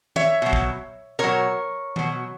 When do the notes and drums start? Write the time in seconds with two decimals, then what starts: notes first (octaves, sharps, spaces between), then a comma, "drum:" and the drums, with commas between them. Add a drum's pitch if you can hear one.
0.16 C#5 E5, drum: tom D#3
0.42 B2 F#3
0.53 drum: kick
1.19 B2 F#3 A#4 C#5
1.96 B2 F#3, drum: tom D#3